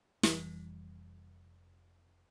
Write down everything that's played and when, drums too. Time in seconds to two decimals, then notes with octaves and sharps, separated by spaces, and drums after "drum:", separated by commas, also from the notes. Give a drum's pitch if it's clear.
0.23 F1 E3 G3, drum: snare